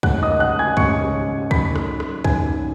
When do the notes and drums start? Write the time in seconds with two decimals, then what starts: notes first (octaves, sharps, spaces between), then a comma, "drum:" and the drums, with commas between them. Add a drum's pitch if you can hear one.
0.03 D#2 C#3 G#3 C#4 F#5 F#6, drum: kick
0.22 D#5 D#6
0.40 F#5 F#6
0.59 G#5 G#6
0.77 D#2 C#3 G#3 C#4 C#6 C#7, drum: kick
1.51 D#2 D#3 F#3 C#4 B5 B6, drum: kick
1.75 drum: rim click
2.00 drum: rim click
2.24 D#2 D#3 F#3 C#4 G#5 G#6, drum: kick